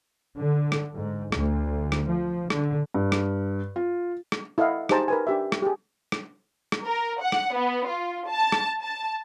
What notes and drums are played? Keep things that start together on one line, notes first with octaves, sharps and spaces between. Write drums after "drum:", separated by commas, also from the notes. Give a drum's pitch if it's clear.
D3
drum: rim click
G#2
D2, drum: rim click
drum: rim click
F3
D3, drum: rim click
G2
drum: rim click
F4
drum: rim click
E4 A4 D#5 F5 F#5
D#4 G4 G#4 C5 A5 A#5, drum: rim click
A#4 B4 G#5
D4 G4 E5
drum: rim click
G4 G#4
drum: rim click
drum: rim click
A#4
F#5
drum: rim click
B3
F4
A5
drum: rim click
A5